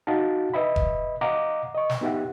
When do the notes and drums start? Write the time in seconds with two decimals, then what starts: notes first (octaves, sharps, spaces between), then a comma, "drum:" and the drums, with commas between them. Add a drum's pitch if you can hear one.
0.07 D#4 F#4 F5 F#5 A5
0.54 B4 D#5 E5 B5
0.76 drum: kick E1
1.21 D#5 F5 F#5 A#5 D6
1.75 D#5 C#6
1.90 drum: snare
2.01 B3 D#4 G4 E5 F#5